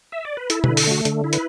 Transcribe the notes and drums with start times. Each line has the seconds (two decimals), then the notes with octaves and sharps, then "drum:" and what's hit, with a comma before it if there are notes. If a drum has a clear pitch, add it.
0.12 E5
0.25 D5
0.37 B4
0.50 E4 A4, drum: hi-hat
0.64 D3 B4, drum: tom B2
0.77 A4, drum: open hi-hat
0.87 A3 F#4
1.05 D3, drum: hi-hat
1.24 E4
1.33 B4, drum: hi-hat